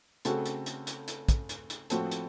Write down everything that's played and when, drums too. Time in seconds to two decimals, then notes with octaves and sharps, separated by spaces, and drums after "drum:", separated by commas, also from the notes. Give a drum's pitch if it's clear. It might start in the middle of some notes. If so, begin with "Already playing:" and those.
0.25 C#3 A3 C4 F#4 A4, drum: hi-hat
0.46 drum: hi-hat
0.66 drum: hi-hat
0.87 drum: hi-hat
1.08 drum: hi-hat
1.29 drum: kick, hi-hat
1.49 drum: hi-hat
1.70 drum: hi-hat
1.90 A2 F3 C4 F#4 A4, drum: hi-hat
2.11 drum: hi-hat